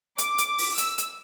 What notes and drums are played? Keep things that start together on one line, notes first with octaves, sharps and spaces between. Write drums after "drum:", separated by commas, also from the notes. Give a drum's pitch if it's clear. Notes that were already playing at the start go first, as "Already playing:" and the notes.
D6, drum: hi-hat
drum: hi-hat
drum: open hi-hat
E6, drum: hi-hat
drum: hi-hat